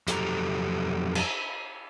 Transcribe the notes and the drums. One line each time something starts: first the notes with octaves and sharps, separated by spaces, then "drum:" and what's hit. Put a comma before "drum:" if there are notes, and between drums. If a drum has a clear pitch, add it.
F2 F#3 G4 A4 G#5 A#5, drum: hi-hat
drum: cymbal